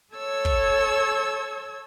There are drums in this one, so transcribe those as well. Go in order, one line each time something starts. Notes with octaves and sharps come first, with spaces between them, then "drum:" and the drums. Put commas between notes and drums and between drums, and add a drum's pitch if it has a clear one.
A4 C#5 E6 G#6
drum: kick